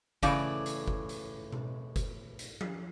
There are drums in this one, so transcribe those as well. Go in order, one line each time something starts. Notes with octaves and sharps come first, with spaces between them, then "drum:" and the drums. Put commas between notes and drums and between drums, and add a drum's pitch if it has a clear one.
A2 C#3 E3 D5, drum: kick F#1, hi-hat
drum: hi-hat
drum: kick F#1
drum: hi-hat
drum: tom B2
drum: kick F#1, hi-hat
drum: hi-hat
drum: tom F3